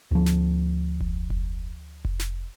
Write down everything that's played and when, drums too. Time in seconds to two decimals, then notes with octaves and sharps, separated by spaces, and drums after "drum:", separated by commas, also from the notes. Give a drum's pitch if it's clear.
0.11 D2 F3
0.26 drum: snare
1.01 drum: kick F1
1.30 drum: kick F1
2.05 drum: kick F1
2.19 drum: snare